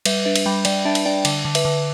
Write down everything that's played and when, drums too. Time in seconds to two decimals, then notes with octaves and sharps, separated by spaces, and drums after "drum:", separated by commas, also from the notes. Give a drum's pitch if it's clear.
0.06 G3 B4 E5, drum: cymbal
0.25 D4 B4 E5
0.36 drum: cymbal
0.46 G3 G5 B5
0.65 G3 D5 G5, drum: cymbal
0.85 D4 E5 A5
0.95 drum: cymbal
1.05 D4 D5 G5
1.25 D3, drum: cymbal
1.45 D3
1.55 B4 E5, drum: cymbal
1.65 D3